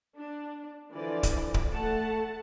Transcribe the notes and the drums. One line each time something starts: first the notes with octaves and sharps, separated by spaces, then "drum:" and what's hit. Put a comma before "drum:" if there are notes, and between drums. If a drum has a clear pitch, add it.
D4
D3 E3 F3 D5
drum: kick D1, hi-hat
drum: kick D1
A3 F#5 A5